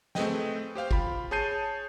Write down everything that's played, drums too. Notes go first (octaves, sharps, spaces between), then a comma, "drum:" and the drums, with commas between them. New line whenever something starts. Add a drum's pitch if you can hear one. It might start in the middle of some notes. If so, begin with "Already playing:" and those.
A3 C4 G#4 B4 D#5 G5, drum: snare
G4 C5 F5 G5
F4 B5, drum: kick
G#4 C#5 A5 G6 C7 D#7